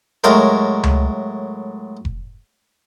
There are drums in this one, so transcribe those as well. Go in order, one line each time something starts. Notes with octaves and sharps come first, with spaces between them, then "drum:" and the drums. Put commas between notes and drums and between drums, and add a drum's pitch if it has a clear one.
A2 F#3 G#3 A#4, drum: hi-hat
drum: tom C#2
drum: kick F1